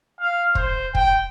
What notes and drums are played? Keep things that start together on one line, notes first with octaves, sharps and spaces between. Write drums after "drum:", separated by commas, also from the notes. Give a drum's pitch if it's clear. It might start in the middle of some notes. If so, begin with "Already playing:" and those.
F5
C5, drum: kick
G5, drum: kick